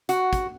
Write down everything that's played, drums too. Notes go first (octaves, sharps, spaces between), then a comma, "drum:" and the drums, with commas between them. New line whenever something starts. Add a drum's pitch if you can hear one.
F#4, drum: hi-hat
drum: kick, hi-hat